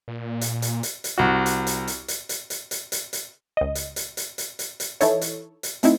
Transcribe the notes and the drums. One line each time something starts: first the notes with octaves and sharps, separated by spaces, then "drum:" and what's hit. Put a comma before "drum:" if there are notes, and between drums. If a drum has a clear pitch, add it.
A#2
drum: hi-hat
drum: hi-hat
drum: hi-hat
drum: hi-hat
C2 F#4
drum: hi-hat
drum: hi-hat
drum: hi-hat
drum: hi-hat
drum: hi-hat
drum: hi-hat
drum: hi-hat
drum: hi-hat
drum: hi-hat
C#2 D#5
drum: hi-hat
drum: hi-hat
drum: hi-hat
drum: hi-hat
drum: hi-hat
drum: hi-hat
E3 D#4 E4 A4 C#5, drum: hi-hat
drum: hi-hat
drum: hi-hat
A3 C4 D#4 E4, drum: hi-hat